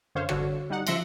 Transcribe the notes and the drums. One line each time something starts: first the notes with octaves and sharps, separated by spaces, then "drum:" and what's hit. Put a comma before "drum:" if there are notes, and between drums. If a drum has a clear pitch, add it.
F#2 D3 C5 C#5 F5
G1 D3 F#4 C#5, drum: rim click
G3 D#4 F#5
C#3 F3 E5 C6 A#6 C#7, drum: cymbal